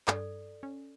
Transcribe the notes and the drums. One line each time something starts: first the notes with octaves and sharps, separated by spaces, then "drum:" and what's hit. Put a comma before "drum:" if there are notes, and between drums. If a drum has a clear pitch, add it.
G2 A4 D5, drum: clap
C#4